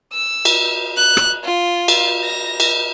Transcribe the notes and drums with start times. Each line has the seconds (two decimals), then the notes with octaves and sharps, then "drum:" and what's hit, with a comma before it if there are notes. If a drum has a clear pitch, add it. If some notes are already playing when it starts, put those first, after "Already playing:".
0.13 E6
0.45 drum: cymbal
0.97 F#6
1.17 drum: rim click
1.44 F4
1.88 drum: cymbal
2.24 A#6
2.60 drum: cymbal